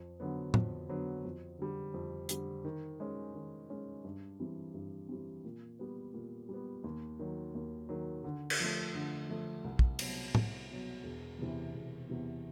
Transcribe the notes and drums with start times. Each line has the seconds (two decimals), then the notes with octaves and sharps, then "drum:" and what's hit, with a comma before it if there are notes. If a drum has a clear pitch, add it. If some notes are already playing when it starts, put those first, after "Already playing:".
Already playing: F2
0.20 D3 F#3 B3
0.54 F2, drum: tom
0.89 D3 F#3 B3
1.25 F2
1.59 D3 G3
1.94 F2
2.29 D3 G3, drum: hi-hat
2.65 D#3
3.00 G#3 C#4
3.35 D#3
3.70 G#3 C#4
4.04 G2
4.40 E3 G3 C4
4.74 G2
5.09 E3 G3 C4
5.45 A#2
5.79 G3 B3
6.14 A#2
6.49 G3 B3
6.84 D#2
7.19 D#3 F#3
7.55 D#2
7.89 D#3 F#3
8.24 D3
8.50 drum: cymbal
8.60 F3 A3
8.95 D3
9.29 F3 A3
9.64 C2
9.79 drum: kick
9.99 B2 F#3, drum: cymbal
10.35 C2, drum: tom
10.70 B2 F#3
11.04 E1
11.39 E2 C3 E3
11.74 E1
12.09 E2 C3 E3